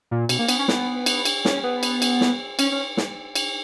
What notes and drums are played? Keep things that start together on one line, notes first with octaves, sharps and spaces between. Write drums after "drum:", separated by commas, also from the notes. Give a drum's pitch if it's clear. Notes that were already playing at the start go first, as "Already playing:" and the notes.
A#2
B2, drum: cymbal
A#3
B3, drum: cymbal
C#4
B3, drum: snare
drum: cymbal
drum: cymbal
C#4, drum: snare
B3
drum: cymbal
drum: cymbal
drum: snare
C#4, drum: cymbal
C#4
drum: snare
drum: cymbal